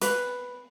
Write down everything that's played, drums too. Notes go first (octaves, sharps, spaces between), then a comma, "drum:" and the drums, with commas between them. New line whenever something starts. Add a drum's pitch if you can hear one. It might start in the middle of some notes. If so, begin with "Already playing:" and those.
B4, drum: hi-hat